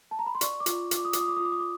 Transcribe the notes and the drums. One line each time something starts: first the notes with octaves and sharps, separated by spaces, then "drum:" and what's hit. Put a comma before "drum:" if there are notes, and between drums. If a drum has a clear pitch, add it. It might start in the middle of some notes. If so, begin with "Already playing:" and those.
A5
A#5
B5
C6
D5 C#6, drum: hi-hat
D6
F4, drum: hi-hat
F4, drum: hi-hat
D6
D#6
F4 D6, drum: hi-hat
D#6
D6
D#6
F4
D6
D#6
D6